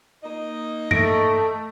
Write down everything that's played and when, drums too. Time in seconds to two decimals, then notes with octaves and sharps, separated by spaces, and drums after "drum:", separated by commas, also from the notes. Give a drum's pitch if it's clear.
0.23 A#3 D#4 D#5
0.91 A3 A#6 D7, drum: tom G2